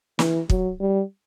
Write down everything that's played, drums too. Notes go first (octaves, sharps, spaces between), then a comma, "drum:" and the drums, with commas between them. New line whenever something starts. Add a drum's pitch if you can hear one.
E3, drum: snare
F#3, drum: kick
G3